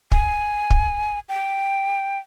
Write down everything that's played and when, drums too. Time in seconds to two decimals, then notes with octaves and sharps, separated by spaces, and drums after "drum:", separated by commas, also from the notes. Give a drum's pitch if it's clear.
0.12 G#5, drum: kick
0.70 drum: kick
1.29 G5